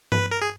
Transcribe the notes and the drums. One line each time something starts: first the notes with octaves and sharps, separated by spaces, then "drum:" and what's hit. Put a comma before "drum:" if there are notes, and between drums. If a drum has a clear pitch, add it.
B4, drum: tom G2
A#4
G#4